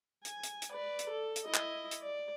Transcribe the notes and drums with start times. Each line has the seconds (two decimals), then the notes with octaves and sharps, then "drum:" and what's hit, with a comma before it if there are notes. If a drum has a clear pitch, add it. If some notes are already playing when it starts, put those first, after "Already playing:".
0.25 G#5, drum: hi-hat
0.43 drum: hi-hat
0.62 drum: hi-hat
0.72 B4 D5
0.99 drum: hi-hat
1.10 A4
1.36 drum: hi-hat
1.45 E4 D#5
1.54 drum: clap
1.91 drum: hi-hat
2.01 D5